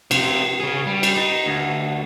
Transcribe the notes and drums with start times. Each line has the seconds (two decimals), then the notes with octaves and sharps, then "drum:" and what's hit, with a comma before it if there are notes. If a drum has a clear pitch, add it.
0.11 C3 F3, drum: cymbal
0.60 C#3 G#4
0.86 G3
1.03 drum: cymbal
1.17 D#4
1.46 D2